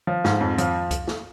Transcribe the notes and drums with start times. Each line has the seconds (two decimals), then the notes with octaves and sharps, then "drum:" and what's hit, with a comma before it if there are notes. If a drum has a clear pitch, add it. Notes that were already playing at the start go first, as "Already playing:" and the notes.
0.07 F3
0.24 G#2, drum: snare
0.40 F2
0.58 F3, drum: hi-hat
0.91 drum: kick, hi-hat
1.07 drum: snare